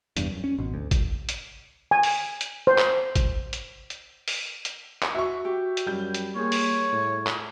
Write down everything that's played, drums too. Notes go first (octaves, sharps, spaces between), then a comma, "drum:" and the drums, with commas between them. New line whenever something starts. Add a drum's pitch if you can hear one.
F1 E2 G2, drum: hi-hat
F#2
C#4
G#1 B2
D2
drum: kick, hi-hat
drum: hi-hat
G#5
drum: open hi-hat
drum: hi-hat
C5
drum: clap
drum: kick, hi-hat
drum: hi-hat
drum: hi-hat
drum: open hi-hat
drum: hi-hat
drum: clap
F#4 E5 C#6
G4
drum: hi-hat
F#2 G3 G6
drum: hi-hat
A#3 F4 G#4 C#5
drum: open hi-hat
A2
drum: clap